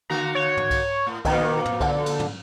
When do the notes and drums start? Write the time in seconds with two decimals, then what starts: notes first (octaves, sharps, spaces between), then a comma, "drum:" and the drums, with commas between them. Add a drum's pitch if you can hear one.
0.10 D3 A#3 F#4 A#5
0.35 C#5
0.57 drum: tom
0.71 drum: kick C2, cymbal
1.07 A2
1.25 F2 A#2 D#3 A#3, drum: kick C2, cymbal
1.65 drum: tom
1.80 D3, drum: kick C2, cymbal
2.06 drum: cymbal
2.19 drum: tom